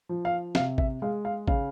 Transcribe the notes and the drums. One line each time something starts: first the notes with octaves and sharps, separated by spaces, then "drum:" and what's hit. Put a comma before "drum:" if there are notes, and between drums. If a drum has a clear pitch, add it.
F3
F5
C3 F5, drum: snare
E5, drum: kick A1
G#3 F5
F5
C#3 F5, drum: kick A1